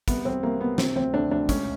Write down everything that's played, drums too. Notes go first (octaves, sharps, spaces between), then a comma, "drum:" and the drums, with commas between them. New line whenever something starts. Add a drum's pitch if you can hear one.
C2 B3, drum: kick, hi-hat
C2 C4
C2 A#3
C2 B3
C3 C4, drum: snare
D2 C4
D2 D4
D2 D4
C#2 C#4, drum: kick, hi-hat